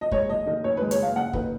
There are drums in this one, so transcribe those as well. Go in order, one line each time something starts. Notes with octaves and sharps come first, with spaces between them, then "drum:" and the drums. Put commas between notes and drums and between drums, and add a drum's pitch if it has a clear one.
D#5
G#3 C#5, drum: kick F#1
F#1 D#5
D#3 D#5
F#1 C#5
B4
G#3
C#5, drum: hi-hat
F#1 F5
F#1 F#5
D#3 B4, drum: kick F#1